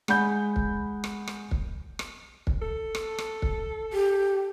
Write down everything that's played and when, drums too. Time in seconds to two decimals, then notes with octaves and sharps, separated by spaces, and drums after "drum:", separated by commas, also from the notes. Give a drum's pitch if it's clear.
0.08 G#3 F#5 B5 G6, drum: rim click
0.56 drum: kick
1.04 drum: rim click
1.27 drum: rim click
1.51 drum: kick
1.99 drum: rim click
2.47 drum: kick
2.62 A4
2.95 drum: rim click
3.18 drum: rim click
3.42 drum: kick
3.93 G4